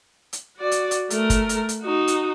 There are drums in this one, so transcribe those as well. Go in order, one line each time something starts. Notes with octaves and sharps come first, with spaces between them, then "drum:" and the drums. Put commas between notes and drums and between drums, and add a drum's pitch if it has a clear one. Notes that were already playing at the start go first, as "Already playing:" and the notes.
drum: hi-hat
F#4 D5
drum: hi-hat
drum: hi-hat
A3 A#4, drum: hi-hat
drum: kick, hi-hat
drum: hi-hat
drum: hi-hat
D#4 F#4
drum: hi-hat